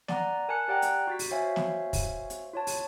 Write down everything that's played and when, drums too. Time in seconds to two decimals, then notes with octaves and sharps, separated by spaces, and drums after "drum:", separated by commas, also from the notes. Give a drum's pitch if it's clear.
0.08 D5 F#5 A#5, drum: snare
0.48 A#4 G#5 A5 F#6 C#7
0.68 G4 D5 F#5 G5 A#5 F#6
0.82 drum: hi-hat
1.07 F#4 A6 B6
1.19 drum: open hi-hat
1.31 F#4 C5 C#5 E5 F5 G#5
1.56 drum: snare
1.93 drum: kick, open hi-hat
2.30 drum: hi-hat
2.53 F4 C#5 A5
2.67 drum: open hi-hat